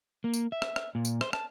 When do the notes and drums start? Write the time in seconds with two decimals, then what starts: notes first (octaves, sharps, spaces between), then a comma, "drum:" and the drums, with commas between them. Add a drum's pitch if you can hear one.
0.24 A#3
0.34 drum: tambourine
0.52 E5
0.62 drum: rim click
0.76 drum: rim click
0.95 A#2
1.05 drum: tambourine
1.21 C5, drum: rim click
1.33 A5, drum: rim click